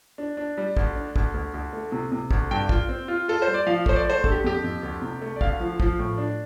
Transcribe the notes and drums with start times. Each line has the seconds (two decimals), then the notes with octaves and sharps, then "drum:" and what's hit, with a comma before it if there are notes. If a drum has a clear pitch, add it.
0.18 D4
0.37 D4
0.57 G3
0.77 D2, drum: kick
0.96 D4
1.16 D2, drum: kick
1.34 D2
1.54 D2
1.73 A3
1.92 C3
2.12 C3
2.31 D2, drum: kick
2.51 G2 G5
2.69 F4, drum: kick
2.89 C4
3.08 F4
3.28 F4 A4
3.42 C5
3.47 G3
3.54 D5
3.67 F3 F5
3.86 A3 C5, drum: kick
3.96 D5
4.05 A3 C5
4.24 D3 A4, drum: kick
4.32 G4
4.44 F2 G4
4.64 F2
4.83 D2
5.02 C3
5.22 A3
5.36 D5
5.41 D2 F5, drum: kick
5.60 F3
5.80 F3, drum: kick
5.99 A2
6.18 D4